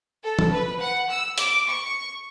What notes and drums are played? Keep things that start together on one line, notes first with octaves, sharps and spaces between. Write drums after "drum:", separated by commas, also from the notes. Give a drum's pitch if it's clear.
A4
drum: tom
B4
F#5
E6
D6, drum: hi-hat
C#6